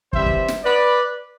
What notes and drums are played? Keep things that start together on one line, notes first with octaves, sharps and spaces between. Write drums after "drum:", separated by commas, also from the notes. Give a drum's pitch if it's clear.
C3 E3 G3 C4 C5 E5, drum: kick
drum: kick
drum: snare
B4 D5